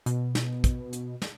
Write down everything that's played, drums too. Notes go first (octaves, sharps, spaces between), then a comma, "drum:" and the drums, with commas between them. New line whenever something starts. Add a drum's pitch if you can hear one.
B2, drum: hi-hat
drum: snare
drum: kick, hi-hat
drum: hi-hat
drum: snare